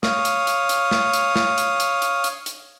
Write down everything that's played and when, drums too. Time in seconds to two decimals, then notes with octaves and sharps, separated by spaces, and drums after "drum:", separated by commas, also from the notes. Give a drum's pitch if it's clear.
0.03 C#5 F5 D#6, drum: snare
0.25 drum: hi-hat
0.47 drum: hi-hat
0.69 drum: hi-hat
0.91 drum: snare
1.14 drum: hi-hat
1.36 drum: snare
1.58 drum: hi-hat
1.80 drum: hi-hat
2.02 drum: hi-hat
2.24 drum: hi-hat
2.46 drum: hi-hat